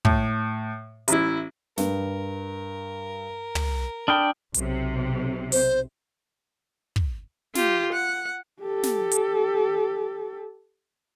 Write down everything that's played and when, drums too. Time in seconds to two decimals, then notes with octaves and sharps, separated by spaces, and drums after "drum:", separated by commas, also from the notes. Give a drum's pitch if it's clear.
0.05 A2, drum: kick
1.08 A1 E4, drum: hi-hat
1.78 G2 A#4, drum: snare
3.55 drum: tom
4.08 D4 G5 B5 D#6 F6
4.54 B1 C3, drum: hi-hat
5.52 C5, drum: open hi-hat
6.96 drum: kick
7.55 F4 G4, drum: snare
7.93 F#5
8.62 G4 A4
8.83 drum: snare
9.11 drum: hi-hat